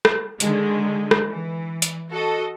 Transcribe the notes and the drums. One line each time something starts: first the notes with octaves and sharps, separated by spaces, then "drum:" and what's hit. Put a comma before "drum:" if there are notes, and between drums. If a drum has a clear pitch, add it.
drum: rim click
D3 D#3 G#3, drum: hi-hat
drum: rim click
E3
drum: hi-hat
F#4 A4 D#5